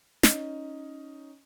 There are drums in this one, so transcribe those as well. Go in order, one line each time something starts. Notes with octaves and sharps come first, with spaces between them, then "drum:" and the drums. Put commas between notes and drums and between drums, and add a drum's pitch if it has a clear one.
C#4 D#4, drum: snare